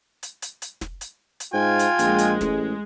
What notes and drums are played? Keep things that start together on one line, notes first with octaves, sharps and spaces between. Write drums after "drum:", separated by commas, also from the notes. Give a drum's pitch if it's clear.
drum: hi-hat
drum: hi-hat
drum: hi-hat
drum: snare
drum: hi-hat
drum: hi-hat
G#2 F4 G5 G#5
drum: hi-hat
A#1 G#3, drum: hi-hat
drum: hi-hat
A1, drum: snare